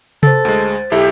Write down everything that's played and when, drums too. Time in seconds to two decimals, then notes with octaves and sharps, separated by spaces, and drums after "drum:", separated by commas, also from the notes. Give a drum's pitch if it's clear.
0.23 A4 C5 A6, drum: tom C3
0.45 D2 G#3
0.92 B1 E4 G4 A4 E5